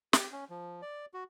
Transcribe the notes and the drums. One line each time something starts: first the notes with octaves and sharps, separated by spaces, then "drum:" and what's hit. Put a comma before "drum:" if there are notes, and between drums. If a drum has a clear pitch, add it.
G4, drum: snare
C#4
F3
D5
F#4